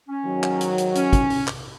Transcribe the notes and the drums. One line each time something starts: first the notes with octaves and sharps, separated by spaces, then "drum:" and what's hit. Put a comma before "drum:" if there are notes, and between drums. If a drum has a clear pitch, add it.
C#4
G#2 D#3 F#3
drum: clap
drum: hi-hat
drum: hi-hat
C#4, drum: hi-hat
drum: kick, hi-hat
drum: open hi-hat
drum: clap